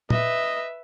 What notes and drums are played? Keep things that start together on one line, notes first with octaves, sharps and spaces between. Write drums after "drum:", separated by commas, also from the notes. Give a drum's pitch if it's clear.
B4 D#5 E5, drum: tom